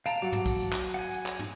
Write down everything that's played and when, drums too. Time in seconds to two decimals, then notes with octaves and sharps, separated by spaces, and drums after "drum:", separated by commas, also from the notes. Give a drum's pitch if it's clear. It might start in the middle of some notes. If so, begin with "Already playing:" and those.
0.06 F5 A5 A#5 D7, drum: hi-hat
0.22 F#3 F#5 A5 D6
0.32 drum: tom
0.46 drum: kick, hi-hat
0.59 drum: hi-hat
0.73 drum: clap
0.94 F#5 G#5
1.13 drum: hi-hat
1.26 drum: clap
1.39 drum: tom